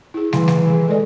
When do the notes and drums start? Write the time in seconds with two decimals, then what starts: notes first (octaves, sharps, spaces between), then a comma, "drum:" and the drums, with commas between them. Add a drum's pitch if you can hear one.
0.14 E4 G#4
0.33 E3 C6, drum: snare
0.48 B5, drum: snare
0.68 G#4
0.88 G#3 A4 D5